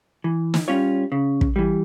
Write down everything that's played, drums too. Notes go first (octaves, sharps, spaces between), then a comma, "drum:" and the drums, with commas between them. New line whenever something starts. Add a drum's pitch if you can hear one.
E3
drum: snare
G3 C#4 F4 C#5
C#3
drum: kick
E3 G3